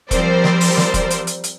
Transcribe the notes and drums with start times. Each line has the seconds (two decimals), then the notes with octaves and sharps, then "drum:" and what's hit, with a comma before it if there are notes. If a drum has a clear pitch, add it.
0.11 F3 G3 C4 A#4 C5 D5, drum: kick E1, hi-hat
0.44 drum: snare
0.61 drum: open hi-hat
0.77 drum: snare
0.94 drum: kick E1, hi-hat
1.10 drum: hi-hat
1.27 drum: hi-hat
1.44 drum: hi-hat